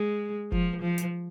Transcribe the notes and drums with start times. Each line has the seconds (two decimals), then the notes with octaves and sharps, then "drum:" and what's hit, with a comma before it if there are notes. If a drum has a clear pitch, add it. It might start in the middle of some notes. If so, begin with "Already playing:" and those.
Already playing: G#3
0.52 F3, drum: kick F1
0.82 F3
0.98 drum: hi-hat